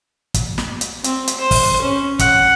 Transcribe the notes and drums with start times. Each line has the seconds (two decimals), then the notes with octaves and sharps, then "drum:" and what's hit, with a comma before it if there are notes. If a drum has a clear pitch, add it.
0.34 drum: kick, hi-hat
0.58 drum: snare
0.81 drum: hi-hat
1.04 C4, drum: hi-hat
1.28 drum: hi-hat
1.39 C5
1.51 drum: kick, open hi-hat
1.82 C#4
2.19 F#5, drum: kick, hi-hat